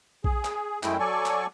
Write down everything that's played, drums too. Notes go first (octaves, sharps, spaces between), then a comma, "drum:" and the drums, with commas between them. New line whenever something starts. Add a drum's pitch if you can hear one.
G#4, drum: kick A#1
drum: clap
F#2 G#3 A3 E4 G5, drum: clap
F#3 A4 D5 G#5 C#6
drum: clap